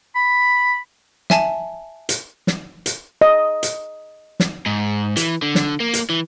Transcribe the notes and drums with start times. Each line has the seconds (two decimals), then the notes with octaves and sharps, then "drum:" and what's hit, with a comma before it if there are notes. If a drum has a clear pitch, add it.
0.16 B5
1.30 E5 G#5 A5, drum: snare
2.09 drum: hi-hat
2.47 drum: snare
2.86 drum: hi-hat
3.21 D#5
3.63 drum: hi-hat
4.40 drum: snare
4.66 G#2
5.17 E3, drum: hi-hat
5.42 D3
5.55 drum: snare
5.80 A#3
5.94 drum: hi-hat
6.10 E3